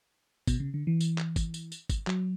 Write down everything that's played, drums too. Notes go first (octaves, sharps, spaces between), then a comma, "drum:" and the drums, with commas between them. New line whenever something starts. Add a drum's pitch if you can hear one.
B2, drum: kick, tambourine
C#3
D3
E3
drum: tambourine
drum: clap
drum: kick, tambourine
drum: tambourine
drum: tambourine
drum: kick, tambourine
F#3, drum: clap